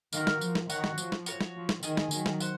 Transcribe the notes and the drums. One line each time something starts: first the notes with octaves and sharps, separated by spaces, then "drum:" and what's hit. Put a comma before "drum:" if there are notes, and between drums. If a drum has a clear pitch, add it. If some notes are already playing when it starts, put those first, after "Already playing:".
D#3 A#3 D#4 F#4 A#4, drum: tambourine
drum: snare
F3, drum: tambourine
drum: snare
D#3 F#4 C#5 F#5, drum: tambourine
drum: snare
F3, drum: tambourine
drum: snare
F#4 A#4 C#5, drum: tambourine
drum: snare
F3
drum: snare
D#3 G#4 D#5 G#5, drum: tambourine
drum: snare
D#3 F#3, drum: tambourine
drum: snare
C5 F#5, drum: tambourine